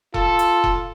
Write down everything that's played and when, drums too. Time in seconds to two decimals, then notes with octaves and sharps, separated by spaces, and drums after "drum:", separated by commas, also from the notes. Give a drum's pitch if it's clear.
0.14 F4 A4, drum: kick E1
0.39 drum: hi-hat
0.64 drum: kick E1